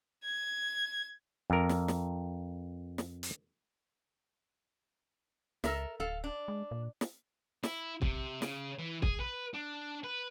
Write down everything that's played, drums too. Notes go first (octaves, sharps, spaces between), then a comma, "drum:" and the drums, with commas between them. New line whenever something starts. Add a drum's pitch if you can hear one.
G#6
F2 A#4
drum: snare
drum: snare
drum: snare
drum: hi-hat
C#2 A4 A#4 E5, drum: snare
D1 A4 F5
D4
G#3
A#2
drum: snare
E4, drum: snare
C3, drum: kick
C#3, drum: snare
E3
G#4, drum: kick
B4
D4
B4